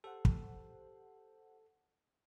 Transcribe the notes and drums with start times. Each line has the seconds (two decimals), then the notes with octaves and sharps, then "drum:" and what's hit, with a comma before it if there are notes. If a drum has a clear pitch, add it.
0.04 G4 A4 C5 F#5
0.25 drum: kick